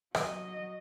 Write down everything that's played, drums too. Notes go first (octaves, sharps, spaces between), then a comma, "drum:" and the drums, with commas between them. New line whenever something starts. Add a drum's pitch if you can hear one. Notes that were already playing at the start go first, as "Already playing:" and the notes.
F#3 D#5, drum: rim click